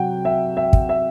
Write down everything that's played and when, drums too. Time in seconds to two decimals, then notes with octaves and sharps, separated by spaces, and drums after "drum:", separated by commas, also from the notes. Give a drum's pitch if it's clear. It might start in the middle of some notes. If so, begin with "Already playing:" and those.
Already playing: C3 F#3 F#5 G5
0.25 E5
0.57 E5
0.73 drum: kick
0.89 E5